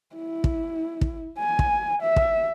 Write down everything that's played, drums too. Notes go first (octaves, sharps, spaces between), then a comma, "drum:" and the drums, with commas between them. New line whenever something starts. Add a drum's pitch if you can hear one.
E4
drum: kick
drum: kick
G#5
drum: kick
E5
drum: kick